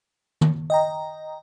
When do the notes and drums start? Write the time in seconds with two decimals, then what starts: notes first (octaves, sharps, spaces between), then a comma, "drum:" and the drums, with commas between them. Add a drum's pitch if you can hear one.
0.41 drum: tom
0.70 D#5 G5 A#5